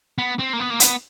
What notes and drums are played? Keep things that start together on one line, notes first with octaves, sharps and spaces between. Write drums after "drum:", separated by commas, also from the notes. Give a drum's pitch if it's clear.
B3
C4
A#3
B3
A#3
B3, drum: hi-hat